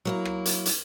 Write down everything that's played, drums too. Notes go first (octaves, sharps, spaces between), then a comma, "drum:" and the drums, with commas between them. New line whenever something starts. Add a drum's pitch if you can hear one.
F#3 A#3 E4
drum: rim click
drum: hi-hat
drum: hi-hat